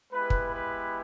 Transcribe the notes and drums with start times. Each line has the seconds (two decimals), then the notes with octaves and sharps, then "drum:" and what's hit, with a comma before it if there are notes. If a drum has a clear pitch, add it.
0.12 G#3 B3 E4 G4 B4
0.30 drum: kick
0.54 B4